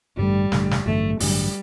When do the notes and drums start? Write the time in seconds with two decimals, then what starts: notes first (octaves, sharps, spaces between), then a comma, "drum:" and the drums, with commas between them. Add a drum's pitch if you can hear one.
0.17 A1 G2 D3 G3 A3
0.52 A1 G2 D3 A3, drum: snare
0.71 drum: snare
0.86 A1 G2 D3 F#3 A3
1.20 A1 G2 D3 F#3 G3, drum: open hi-hat